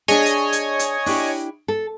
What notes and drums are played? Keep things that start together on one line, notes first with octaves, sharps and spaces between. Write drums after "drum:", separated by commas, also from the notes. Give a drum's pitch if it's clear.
D4 G#4 C#5 D#5 G#5
drum: hi-hat
drum: hi-hat
drum: hi-hat
D4 E4 G4, drum: open hi-hat
A4